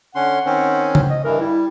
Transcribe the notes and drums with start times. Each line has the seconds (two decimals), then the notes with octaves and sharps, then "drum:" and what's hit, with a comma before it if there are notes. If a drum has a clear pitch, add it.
0.15 D3 C#4 F#5 C6
0.46 D#3 C4 C#4
0.95 drum: tom C#3
1.10 D#5
1.24 G2 E3 A#4
1.40 G3 E4